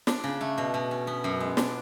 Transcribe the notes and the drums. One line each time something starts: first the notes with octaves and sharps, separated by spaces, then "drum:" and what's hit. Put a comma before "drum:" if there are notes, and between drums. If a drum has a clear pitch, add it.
D4, drum: snare
C#3
A3
B2
B2
C#4
B3
F#2
G#3
D4, drum: snare